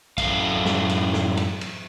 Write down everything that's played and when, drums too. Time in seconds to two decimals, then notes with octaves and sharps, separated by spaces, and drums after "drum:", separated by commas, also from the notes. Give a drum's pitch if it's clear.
0.18 F#2 A2 G3 A3 F5, drum: kick, cymbal
0.66 drum: snare
0.90 drum: cymbal
1.13 drum: snare
1.37 drum: cymbal
1.61 drum: cymbal